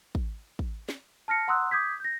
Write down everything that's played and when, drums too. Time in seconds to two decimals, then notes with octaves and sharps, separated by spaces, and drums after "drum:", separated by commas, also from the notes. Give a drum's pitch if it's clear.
0.15 drum: kick
0.59 drum: kick
0.89 drum: snare
1.28 A5 F6 A#6 C#7
1.48 F#5 A#5 C6 D#6 E6 F#6
1.71 D6 D#6 G6 G#6 B6
2.00 G6 A#6